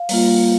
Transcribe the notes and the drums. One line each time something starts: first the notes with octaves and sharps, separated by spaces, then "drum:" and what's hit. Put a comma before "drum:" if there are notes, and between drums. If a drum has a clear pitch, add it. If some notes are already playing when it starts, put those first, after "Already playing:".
Already playing: F5
G3 A#3 F4, drum: open hi-hat